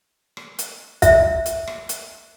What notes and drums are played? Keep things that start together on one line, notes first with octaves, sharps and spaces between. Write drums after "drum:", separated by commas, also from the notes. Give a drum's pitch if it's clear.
drum: rim click
drum: hi-hat
E5, drum: kick, hi-hat
drum: hi-hat
drum: rim click
drum: hi-hat